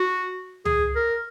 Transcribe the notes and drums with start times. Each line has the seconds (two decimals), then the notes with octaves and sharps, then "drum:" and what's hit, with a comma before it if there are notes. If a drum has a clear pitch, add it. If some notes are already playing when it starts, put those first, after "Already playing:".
Already playing: F#4
0.65 G#4, drum: tom C#2
0.95 A#4